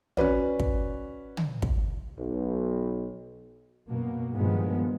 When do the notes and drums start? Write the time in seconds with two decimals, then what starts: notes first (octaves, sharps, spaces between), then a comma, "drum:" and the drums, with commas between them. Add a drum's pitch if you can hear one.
0.17 C#4 F#4 B4 D5, drum: tom
0.60 drum: kick
1.37 drum: tom
1.62 drum: kick
2.19 B1
3.89 F#2 B2 A#3
4.33 G2 A#2 D#3 F3 G#3 B3